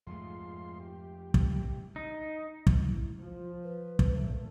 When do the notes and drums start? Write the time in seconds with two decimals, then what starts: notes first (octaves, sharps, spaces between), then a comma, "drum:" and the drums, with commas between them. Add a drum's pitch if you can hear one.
0.07 F2 G#2 A3 F4 C6
0.80 G4
1.34 drum: kick
1.51 C2 C3
1.96 D#4
2.67 drum: kick
2.81 E4
3.21 F3 F4
3.63 B4
3.99 drum: kick
4.14 A#2 A3